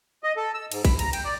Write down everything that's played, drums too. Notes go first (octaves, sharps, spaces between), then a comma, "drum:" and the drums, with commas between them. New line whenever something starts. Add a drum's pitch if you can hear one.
D#5
A4
E6
G#2, drum: cymbal
B5, drum: kick, cymbal
A#5, drum: cymbal
G5, drum: cymbal
D5